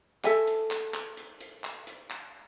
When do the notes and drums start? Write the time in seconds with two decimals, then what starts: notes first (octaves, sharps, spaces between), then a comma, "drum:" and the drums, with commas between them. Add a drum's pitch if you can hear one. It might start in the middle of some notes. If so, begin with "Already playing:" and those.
0.24 A4 E5 G#5, drum: clap
0.47 drum: hi-hat
0.71 drum: clap
0.94 drum: clap
1.17 drum: hi-hat
1.41 drum: hi-hat
1.64 drum: clap
1.87 drum: hi-hat
2.10 drum: clap